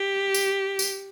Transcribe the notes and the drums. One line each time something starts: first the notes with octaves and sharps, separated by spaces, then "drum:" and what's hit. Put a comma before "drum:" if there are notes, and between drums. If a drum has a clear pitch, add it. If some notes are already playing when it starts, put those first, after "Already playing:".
Already playing: G4
drum: tambourine
drum: tambourine